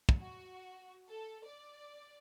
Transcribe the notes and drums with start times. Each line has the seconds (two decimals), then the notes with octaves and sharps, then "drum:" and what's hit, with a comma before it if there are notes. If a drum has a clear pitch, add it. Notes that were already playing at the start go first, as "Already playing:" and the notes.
0.09 drum: kick
0.19 F#4
1.09 A4
1.45 D5